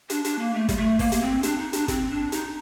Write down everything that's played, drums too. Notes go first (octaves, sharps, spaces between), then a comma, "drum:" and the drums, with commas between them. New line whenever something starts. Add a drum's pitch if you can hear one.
D4, drum: hi-hat
D4, drum: hi-hat
A#3
A3
G3, drum: kick, hi-hat
A3
A#3, drum: kick, open hi-hat
A#3, drum: hi-hat
C4
D4, drum: hi-hat
D#4
D4, drum: hi-hat
C4, drum: kick, hi-hat
D4
D#4, drum: hi-hat